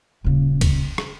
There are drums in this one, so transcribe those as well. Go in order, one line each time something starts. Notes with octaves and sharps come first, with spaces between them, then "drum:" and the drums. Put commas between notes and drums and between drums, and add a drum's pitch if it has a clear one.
D#1 C#3
drum: kick C#2, cymbal
drum: rim click